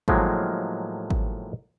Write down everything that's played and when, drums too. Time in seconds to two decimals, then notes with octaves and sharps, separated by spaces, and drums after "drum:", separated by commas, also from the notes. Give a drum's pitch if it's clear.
0.08 A2 D#3 F3 F#3 G#3 A#3, drum: kick G#1
1.10 drum: kick G#1